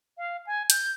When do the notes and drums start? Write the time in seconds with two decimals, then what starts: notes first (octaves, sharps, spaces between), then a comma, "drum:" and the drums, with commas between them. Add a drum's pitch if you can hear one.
0.18 F5
0.47 G#5
0.70 G6, drum: hi-hat